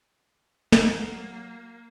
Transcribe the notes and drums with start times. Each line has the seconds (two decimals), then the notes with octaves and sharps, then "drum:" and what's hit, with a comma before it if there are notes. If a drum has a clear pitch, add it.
0.72 F#3 A#3, drum: snare